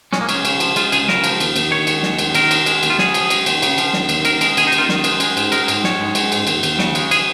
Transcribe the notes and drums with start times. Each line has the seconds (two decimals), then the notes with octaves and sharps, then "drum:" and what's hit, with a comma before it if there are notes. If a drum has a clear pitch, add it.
0.13 G#3 C#4, drum: snare
0.21 A#3
0.29 C#2 C#4, drum: cymbal
0.45 C#3, drum: cymbal
0.60 F3, drum: cymbal
0.76 G#3 F4, drum: cymbal
0.92 C#2 G#4, drum: cymbal
1.08 C#3 A#4, drum: snare
1.24 F3, drum: cymbal
1.40 D#2, drum: cymbal
1.56 D#2, drum: cymbal
1.71 D#3 C#5
1.87 G#3, drum: cymbal
2.03 D#2, drum: snare
2.19 D#2, drum: cymbal
2.35 D#3 A#4, drum: cymbal
2.51 G#3, drum: cymbal
2.66 G#3, drum: cymbal
2.83 D#2, drum: cymbal
2.90 F4
2.99 C#3 G#4, drum: snare
3.14 F3, drum: cymbal
3.30 G#3, drum: cymbal
3.46 D#2, drum: cymbal
3.62 C#3, drum: cymbal
3.78 F3, drum: cymbal
3.93 D#2, drum: snare
4.09 D#2, drum: cymbal
4.25 D#3 A#4, drum: cymbal
4.41 G#3 A#4, drum: cymbal
4.57 D#2 G#4, drum: cymbal
4.67 D#4
4.72 D#2, drum: cymbal
4.78 F4
4.89 D#3, drum: snare
5.04 G#3, drum: cymbal
5.20 G#3, drum: cymbal
5.37 G#2, drum: cymbal
5.52 G#3 A#4, drum: cymbal
5.68 G#2, drum: cymbal
5.84 G#3 C#5, drum: snare
6.00 G#2
6.15 G#3, drum: cymbal
6.32 G#2, drum: cymbal
6.47 D#2, drum: cymbal
6.63 D#2, drum: cymbal
6.79 C#3, drum: snare
6.95 G#3, drum: cymbal
7.11 G#4, drum: cymbal